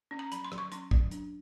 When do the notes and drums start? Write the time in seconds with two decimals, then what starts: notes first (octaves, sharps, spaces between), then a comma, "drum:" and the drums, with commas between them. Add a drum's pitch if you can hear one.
0.11 C#4
0.19 A#5
0.32 F#3 B5, drum: hi-hat
0.45 C6
0.52 F#3, drum: rim click
0.58 C#6
0.72 C#4 C6, drum: hi-hat
0.91 F#3, drum: kick
1.11 D4, drum: hi-hat